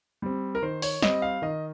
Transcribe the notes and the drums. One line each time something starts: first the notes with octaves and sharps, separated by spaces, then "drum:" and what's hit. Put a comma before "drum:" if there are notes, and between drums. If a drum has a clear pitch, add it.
G3 C4
A#4
D#3 C5
C#5, drum: open hi-hat
G3 C4 D#5, drum: snare
F5
D#3 D#5